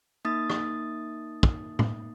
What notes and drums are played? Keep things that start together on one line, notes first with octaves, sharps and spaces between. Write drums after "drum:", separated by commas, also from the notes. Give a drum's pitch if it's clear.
A#3 D#4 D#6 A6
drum: rim click
drum: kick
drum: tom A2